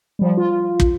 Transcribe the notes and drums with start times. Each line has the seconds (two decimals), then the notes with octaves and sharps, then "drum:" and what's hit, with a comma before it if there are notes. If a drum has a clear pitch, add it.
0.19 F3 G3
0.37 F4
0.80 drum: kick